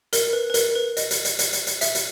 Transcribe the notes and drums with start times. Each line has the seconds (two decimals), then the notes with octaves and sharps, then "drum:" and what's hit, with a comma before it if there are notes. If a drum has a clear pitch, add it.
0.13 A#4, drum: hi-hat
0.33 B4
0.50 B4
0.54 A#4, drum: hi-hat
0.75 B4
0.97 D#5, drum: hi-hat
1.11 drum: hi-hat
1.25 drum: hi-hat
1.39 drum: hi-hat
1.53 drum: hi-hat
1.67 drum: hi-hat
1.81 E5, drum: hi-hat
1.95 drum: hi-hat